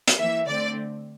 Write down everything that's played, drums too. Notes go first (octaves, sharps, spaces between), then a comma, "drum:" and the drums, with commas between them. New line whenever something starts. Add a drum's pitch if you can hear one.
drum: hi-hat
E3 A#3 E5
D3 A3 C4 D5